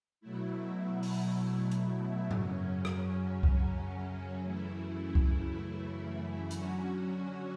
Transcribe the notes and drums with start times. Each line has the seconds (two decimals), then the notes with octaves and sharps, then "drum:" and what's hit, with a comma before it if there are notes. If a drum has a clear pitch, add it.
0.21 B2 F#3 A3 E4
1.03 drum: open hi-hat
1.71 drum: hi-hat
2.31 F#2 C#3 F#3 C#4, drum: tom G#2
2.85 drum: rim click
3.43 drum: kick C2
4.40 F#2 C#3 E3 A3 E4
5.15 drum: kick C2
6.51 D3 F#3 C#4 F#4, drum: hi-hat